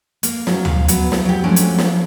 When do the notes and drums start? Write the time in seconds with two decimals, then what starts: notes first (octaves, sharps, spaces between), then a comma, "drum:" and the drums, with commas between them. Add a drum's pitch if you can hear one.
0.23 A#3, drum: hi-hat
0.47 F#3 C#4, drum: snare
0.65 F5, drum: tom D2
0.88 F#3 B3, drum: hi-hat
1.12 drum: snare
1.25 F#3 G4
1.44 F3 F#3 G#3 A3 C#4 D4
1.56 drum: hi-hat
1.79 drum: snare